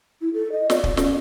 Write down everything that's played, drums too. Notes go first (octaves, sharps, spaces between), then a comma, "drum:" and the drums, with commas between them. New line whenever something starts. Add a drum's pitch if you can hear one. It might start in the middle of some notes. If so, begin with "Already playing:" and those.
E4
A4
D#5
D5, drum: snare
drum: kick
C#4, drum: snare